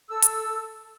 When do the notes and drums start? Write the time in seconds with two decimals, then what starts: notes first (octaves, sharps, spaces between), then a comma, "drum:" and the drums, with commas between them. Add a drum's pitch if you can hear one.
0.08 A4 E6
0.22 drum: hi-hat